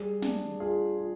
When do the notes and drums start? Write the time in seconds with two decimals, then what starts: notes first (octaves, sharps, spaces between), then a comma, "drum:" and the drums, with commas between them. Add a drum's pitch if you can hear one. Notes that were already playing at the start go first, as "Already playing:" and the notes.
Already playing: G3 G#4
0.22 D4, drum: snare
0.60 F4 G#4
0.98 F4